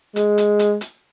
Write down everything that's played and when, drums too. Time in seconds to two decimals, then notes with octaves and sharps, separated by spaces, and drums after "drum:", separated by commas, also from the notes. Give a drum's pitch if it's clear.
0.16 G#3, drum: hi-hat
0.38 drum: hi-hat
0.59 drum: hi-hat
0.81 drum: hi-hat